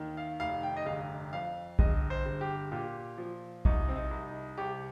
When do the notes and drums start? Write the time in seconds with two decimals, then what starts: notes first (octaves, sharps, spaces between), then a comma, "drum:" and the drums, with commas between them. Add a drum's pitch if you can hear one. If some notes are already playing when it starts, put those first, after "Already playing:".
Already playing: D#2 D#3
0.17 F5
0.40 F1 F5
0.63 G5
0.77 D#5
0.86 G1 F5
1.33 F2 F5
1.79 G1 D#5, drum: kick A#1
2.10 C5
2.26 G1
2.41 G4
2.72 A#2 G4
3.18 F3
3.65 C2 D#4, drum: kick A#1
3.88 C4
3.96 D#4
4.11 C2
4.27 D#4
4.57 C2 G4